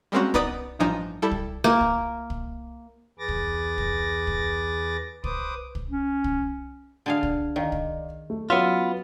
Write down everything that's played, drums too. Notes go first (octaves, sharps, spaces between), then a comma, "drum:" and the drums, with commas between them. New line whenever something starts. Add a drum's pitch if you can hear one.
G3 G#3 A#3 C4 C#4 F#4
B3 D#4 B4 D5 D#6 D7, drum: kick
A1 G2 F3 D4 D#4 G#5
G3 E4 A4
drum: kick
A#3
drum: kick
drum: kick
E2 G#4 B4 D6 A6 A#6
drum: kick
drum: kick
drum: kick
B4 C5 D6 D#6, drum: kick
drum: kick
C#4
drum: kick
D3 G#4 F5
drum: kick
D#3 D5 F5
drum: kick
A3
F#3 B3 C#4 F4 E5